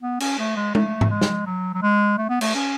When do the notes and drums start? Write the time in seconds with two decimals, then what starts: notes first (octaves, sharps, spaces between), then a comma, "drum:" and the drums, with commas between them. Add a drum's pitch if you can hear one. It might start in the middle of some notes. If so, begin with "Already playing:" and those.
0.02 B3
0.20 C#4, drum: cymbal
0.39 A3
0.56 G#3
0.75 A3, drum: tom G#3
1.01 drum: tom G#2
1.10 G#3
1.21 drum: snare
1.46 F#3
1.74 F#3
1.82 G#3
2.18 A3
2.30 B3
2.41 A3, drum: cymbal
2.55 C#4